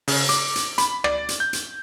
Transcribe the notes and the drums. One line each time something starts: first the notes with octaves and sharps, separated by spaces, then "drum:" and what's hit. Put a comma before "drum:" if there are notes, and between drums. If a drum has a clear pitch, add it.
C#3, drum: open hi-hat
D6, drum: hi-hat
drum: hi-hat
B5, drum: hi-hat
D5, drum: rim click
drum: hi-hat
G6
drum: hi-hat